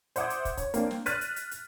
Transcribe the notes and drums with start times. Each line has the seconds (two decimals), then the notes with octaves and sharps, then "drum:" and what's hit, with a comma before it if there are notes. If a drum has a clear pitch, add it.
0.16 C5 E5 F#5 D6 D#6 G#6, drum: hi-hat
0.30 drum: hi-hat
0.45 drum: kick, hi-hat
0.57 C#5, drum: kick, hi-hat
0.74 A#3 C4 D4, drum: hi-hat
0.91 drum: snare
1.06 F6 F#6 A6 B6 D#7, drum: hi-hat
1.21 drum: hi-hat
1.36 drum: hi-hat
1.51 drum: hi-hat